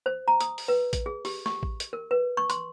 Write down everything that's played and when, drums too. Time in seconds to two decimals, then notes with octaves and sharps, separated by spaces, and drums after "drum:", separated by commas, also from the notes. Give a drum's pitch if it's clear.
0.06 C5
0.28 A#5
0.41 D#6, drum: hi-hat
0.58 drum: open hi-hat
0.68 B4
0.93 drum: kick A1, hi-hat
1.06 G#4
1.25 G4, drum: open hi-hat
1.46 C#6, drum: snare
1.63 drum: kick A1
1.80 drum: hi-hat
1.93 A#4
2.11 B4
2.37 C#6
2.50 C6, drum: hi-hat